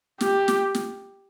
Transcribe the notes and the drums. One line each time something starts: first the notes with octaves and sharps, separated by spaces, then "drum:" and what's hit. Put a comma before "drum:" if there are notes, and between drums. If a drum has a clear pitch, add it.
G4, drum: snare
drum: snare
drum: snare